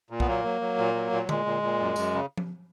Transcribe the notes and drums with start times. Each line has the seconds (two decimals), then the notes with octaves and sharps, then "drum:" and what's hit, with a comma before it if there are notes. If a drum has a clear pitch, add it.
0.10 A#2
0.20 B3, drum: kick B1
0.28 F#3 A#3
0.45 F#3
0.61 F#3
0.78 A#2
0.94 F#3
1.12 A#2
1.29 A#2 G#3, drum: tom D3
1.46 A#2
1.62 A#2
1.79 F#2
1.96 F#2, drum: tambourine
2.13 C#3
2.37 drum: tom F3